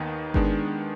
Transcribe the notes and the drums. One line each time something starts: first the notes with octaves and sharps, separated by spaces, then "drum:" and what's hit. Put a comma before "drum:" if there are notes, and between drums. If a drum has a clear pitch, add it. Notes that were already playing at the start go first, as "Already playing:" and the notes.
Already playing: D#2 D#3 B3 D#4
D#3 G#3 B3 D4, drum: kick G1